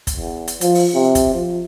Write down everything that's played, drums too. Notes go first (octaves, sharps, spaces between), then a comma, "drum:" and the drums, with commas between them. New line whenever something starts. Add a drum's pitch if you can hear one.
drum: kick, hi-hat
E2
drum: hi-hat
F3, drum: hi-hat
drum: open hi-hat
C3
drum: kick, hi-hat
F3